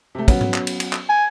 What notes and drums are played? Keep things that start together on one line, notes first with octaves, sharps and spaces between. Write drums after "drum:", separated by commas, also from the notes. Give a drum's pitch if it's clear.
C3 A3
F#3 B3 C#4, drum: kick, cymbal
drum: tom G#2
drum: clap
drum: cymbal
drum: cymbal
drum: clap
G#5